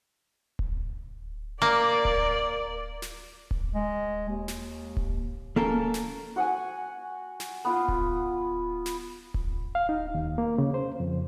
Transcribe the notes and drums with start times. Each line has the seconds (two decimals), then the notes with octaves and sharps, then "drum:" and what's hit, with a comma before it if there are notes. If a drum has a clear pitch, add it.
0.59 drum: kick D1
1.62 A#3 D5
2.05 drum: kick D1
3.02 drum: snare
3.51 drum: kick D1
3.75 G#3
4.29 D#2
4.48 drum: snare
4.97 drum: kick D1
5.56 A#3 C#4 A4 A#4
5.94 drum: snare
6.36 F#4 F#5 G#5
7.40 drum: snare
7.65 B3 F4
7.88 drum: kick D1
8.86 drum: snare
9.34 drum: kick D1
9.75 F5
9.89 D#4
10.15 D#2
10.38 A#3
10.58 C#3
10.74 C5
11.00 F2